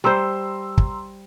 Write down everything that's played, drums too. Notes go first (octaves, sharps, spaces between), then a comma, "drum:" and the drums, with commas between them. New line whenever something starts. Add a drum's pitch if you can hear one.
G3 C5 A#5 C6 E6
drum: kick